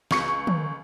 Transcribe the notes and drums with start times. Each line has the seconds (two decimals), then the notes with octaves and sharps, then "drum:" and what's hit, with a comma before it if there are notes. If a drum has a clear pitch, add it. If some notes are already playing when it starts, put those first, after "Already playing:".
0.11 C#2 C#6 C#7, drum: snare
0.47 drum: tom